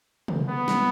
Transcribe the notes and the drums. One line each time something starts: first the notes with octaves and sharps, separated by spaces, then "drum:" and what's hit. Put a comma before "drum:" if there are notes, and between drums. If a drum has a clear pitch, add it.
drum: tom
B3
drum: snare